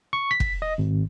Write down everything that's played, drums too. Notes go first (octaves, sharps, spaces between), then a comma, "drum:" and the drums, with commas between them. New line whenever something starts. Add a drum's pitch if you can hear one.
C#6
B6
drum: kick
D#5
G#1